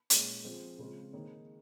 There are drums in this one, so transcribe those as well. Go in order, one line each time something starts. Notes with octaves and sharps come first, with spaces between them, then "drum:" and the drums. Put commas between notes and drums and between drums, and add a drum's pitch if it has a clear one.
A#2 G#3 C#4, drum: hi-hat
F3 C4 F4 G#4 C5
C#3 G#3 C4 F4
D#3 A#3 D#4 G#4 C#5